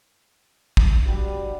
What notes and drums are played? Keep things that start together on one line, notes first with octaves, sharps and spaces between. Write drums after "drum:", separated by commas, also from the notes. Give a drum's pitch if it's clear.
drum: kick
G2 G3 F#4 F#5